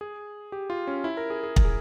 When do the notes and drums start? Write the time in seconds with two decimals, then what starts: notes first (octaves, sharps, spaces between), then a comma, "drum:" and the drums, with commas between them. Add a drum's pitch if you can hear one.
0.01 G#4
0.52 G4
0.70 F4
0.87 C#4
1.04 E4
1.17 A#4
1.30 G#4
1.43 G#4
1.56 A#4, drum: kick
1.65 G#4